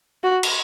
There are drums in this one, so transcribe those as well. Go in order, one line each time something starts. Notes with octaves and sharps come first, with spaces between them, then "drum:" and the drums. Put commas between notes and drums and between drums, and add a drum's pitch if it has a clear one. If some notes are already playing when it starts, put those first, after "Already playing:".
F#4
drum: cymbal